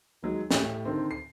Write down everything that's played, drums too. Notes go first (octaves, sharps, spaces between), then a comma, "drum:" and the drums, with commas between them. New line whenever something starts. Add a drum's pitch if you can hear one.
D#3 F#3 G#3
A2 G4, drum: snare
D3 D#3 C4
C7